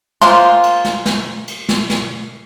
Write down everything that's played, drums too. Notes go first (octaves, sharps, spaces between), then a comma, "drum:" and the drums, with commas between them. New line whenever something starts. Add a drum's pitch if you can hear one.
G#3 A#3 F4 C5, drum: snare
drum: cymbal
drum: snare
drum: snare
drum: cymbal
drum: snare
drum: snare